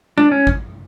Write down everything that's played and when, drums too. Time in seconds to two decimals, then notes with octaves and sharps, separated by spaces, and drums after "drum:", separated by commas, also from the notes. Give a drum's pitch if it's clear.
0.18 D4, drum: tom
0.31 C#4
0.47 drum: kick G#1